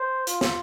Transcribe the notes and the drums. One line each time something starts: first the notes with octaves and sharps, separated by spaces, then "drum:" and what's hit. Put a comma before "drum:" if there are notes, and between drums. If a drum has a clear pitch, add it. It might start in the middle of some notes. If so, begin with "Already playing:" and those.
Already playing: C5
F4, drum: hi-hat
drum: snare